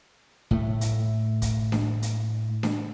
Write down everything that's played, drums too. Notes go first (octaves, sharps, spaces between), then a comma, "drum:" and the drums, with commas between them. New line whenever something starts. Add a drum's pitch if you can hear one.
A2 A3, drum: kick
drum: hi-hat
drum: kick, hi-hat
drum: snare D4
drum: hi-hat
drum: snare D4